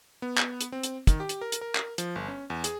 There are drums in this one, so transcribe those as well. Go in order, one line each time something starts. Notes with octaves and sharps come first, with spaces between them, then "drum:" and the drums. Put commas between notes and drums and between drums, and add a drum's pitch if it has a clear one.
B3
drum: clap
drum: hi-hat
C4
drum: hi-hat
D#3, drum: kick, hi-hat
G4
drum: hi-hat
A#4
drum: hi-hat
A#4
drum: clap
F3, drum: hi-hat
G1
C#4
E2
G#4, drum: hi-hat